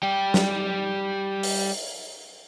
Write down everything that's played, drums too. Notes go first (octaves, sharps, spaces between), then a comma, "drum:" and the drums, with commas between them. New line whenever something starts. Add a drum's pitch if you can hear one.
G3 G5
drum: snare
drum: open hi-hat